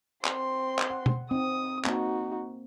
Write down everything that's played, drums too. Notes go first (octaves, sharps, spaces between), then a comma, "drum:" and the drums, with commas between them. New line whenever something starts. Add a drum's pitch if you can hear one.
C4 C6, drum: clap
drum: clap
F#5
drum: tom B2
C4 D#4 D#6
A#3 C4 D#4 F#4, drum: clap